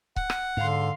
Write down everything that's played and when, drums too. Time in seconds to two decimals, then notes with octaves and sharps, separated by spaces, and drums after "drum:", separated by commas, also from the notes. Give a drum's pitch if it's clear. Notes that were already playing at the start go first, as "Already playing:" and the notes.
0.16 F#5, drum: kick C#1
0.30 drum: rim click
0.57 G#2 D3 F5 C6